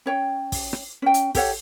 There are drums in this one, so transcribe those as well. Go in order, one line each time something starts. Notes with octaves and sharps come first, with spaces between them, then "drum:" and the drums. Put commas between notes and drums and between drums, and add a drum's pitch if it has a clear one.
C#4 C#5 G5
drum: kick, open hi-hat
drum: rim click
C#4 G5
drum: hi-hat
G4 A4 C#5 F#5, drum: kick, open hi-hat